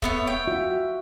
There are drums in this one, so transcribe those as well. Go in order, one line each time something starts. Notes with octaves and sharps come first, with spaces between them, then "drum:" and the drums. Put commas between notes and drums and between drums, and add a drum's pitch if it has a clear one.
A3 B3 C#5, drum: kick
G5
F4 F#4 E5